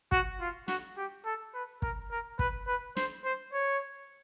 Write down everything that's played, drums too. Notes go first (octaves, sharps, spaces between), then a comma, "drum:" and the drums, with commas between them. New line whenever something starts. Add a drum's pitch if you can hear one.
F#4, drum: kick
F4
F#4, drum: snare
G4
A4
B4
A#4, drum: kick
A#4
B4, drum: kick
B4
C5, drum: snare
C5
C#5